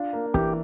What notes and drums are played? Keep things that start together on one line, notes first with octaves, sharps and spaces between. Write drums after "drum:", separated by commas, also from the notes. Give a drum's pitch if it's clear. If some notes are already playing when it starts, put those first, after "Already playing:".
Already playing: D4 F4
A#3
E3 G4, drum: kick